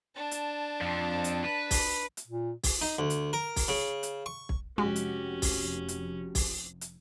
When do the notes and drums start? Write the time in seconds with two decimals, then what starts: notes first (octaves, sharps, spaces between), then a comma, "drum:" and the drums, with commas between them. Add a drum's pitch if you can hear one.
0.16 D4 A5
0.31 drum: hi-hat
0.81 F2 F3
1.24 drum: hi-hat
1.44 B4
1.71 drum: kick, open hi-hat
2.17 drum: hi-hat
2.27 A#2
2.63 drum: kick, open hi-hat
2.81 D#4
2.99 D2
3.10 drum: hi-hat
3.33 A#4
3.56 drum: kick, open hi-hat
3.68 C#3
4.03 drum: hi-hat
4.26 C#6
4.49 drum: kick
4.78 F1 G#3 C#4 F#4 G4
4.96 drum: hi-hat
5.42 drum: kick, open hi-hat
5.88 drum: hi-hat
6.35 drum: kick, open hi-hat
6.81 drum: hi-hat